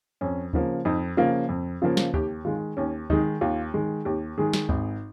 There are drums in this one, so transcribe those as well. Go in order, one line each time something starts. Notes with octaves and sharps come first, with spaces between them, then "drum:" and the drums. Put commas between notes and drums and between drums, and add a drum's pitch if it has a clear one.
F2 C#4
C#3 F3 A#3, drum: kick D2
F2 D#4
C#3 F3 A#3 F4
F2
C#3 F3 A#3 F4
drum: snare
D#2 G4, drum: kick D2
D#3 G#3 F4
D#2 C#4
D#3 G#3 D#4, drum: kick D2
D#2 F4
D#3 G#3
D#2 G4
D#3 G#3 G#4
drum: snare
G#1, drum: kick D2